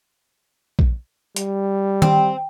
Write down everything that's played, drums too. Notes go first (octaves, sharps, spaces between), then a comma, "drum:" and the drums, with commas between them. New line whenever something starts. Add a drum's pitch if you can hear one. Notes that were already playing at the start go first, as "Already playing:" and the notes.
drum: kick A#1
G3, drum: hi-hat
C4, drum: tom D#3